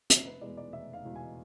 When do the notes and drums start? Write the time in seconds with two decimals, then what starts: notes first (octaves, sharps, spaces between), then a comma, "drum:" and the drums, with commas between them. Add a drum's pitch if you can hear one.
0.10 F1 E5, drum: hi-hat
0.26 B4
0.41 E2 B2 G#3 B3 D5
0.57 D5
0.72 F1 E5
0.93 F5
1.05 E2 B2 G#3 B3
1.16 G#5